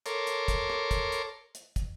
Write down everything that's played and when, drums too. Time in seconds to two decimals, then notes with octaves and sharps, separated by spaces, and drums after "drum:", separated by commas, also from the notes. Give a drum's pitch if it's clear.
0.06 A4 A#4 C#5 C6 D6, drum: hi-hat
0.27 drum: hi-hat
0.48 drum: kick, hi-hat
0.70 drum: rim click
0.91 drum: kick, hi-hat
1.12 drum: hi-hat
1.55 drum: hi-hat
1.76 drum: kick, hi-hat